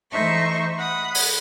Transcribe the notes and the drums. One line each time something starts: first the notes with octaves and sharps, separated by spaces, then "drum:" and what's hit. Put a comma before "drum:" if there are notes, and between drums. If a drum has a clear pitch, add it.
E3 A3 D#4 C5 E5 C#6
F#5 B5 D#6
drum: open hi-hat